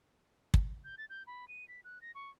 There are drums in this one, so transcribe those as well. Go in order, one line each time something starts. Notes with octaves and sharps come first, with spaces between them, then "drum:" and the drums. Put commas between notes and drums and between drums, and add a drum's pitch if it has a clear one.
drum: kick
G6
A6
G6
B5
D#7
B6
F#6
A#6
C#6